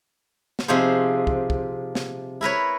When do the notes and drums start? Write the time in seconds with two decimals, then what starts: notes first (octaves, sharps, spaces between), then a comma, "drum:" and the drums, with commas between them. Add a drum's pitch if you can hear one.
0.59 drum: snare
0.68 C3 F3 D#4 G#4 C5
1.27 drum: kick
1.50 drum: kick
1.95 drum: snare
2.41 E4 A#4 B4 C#5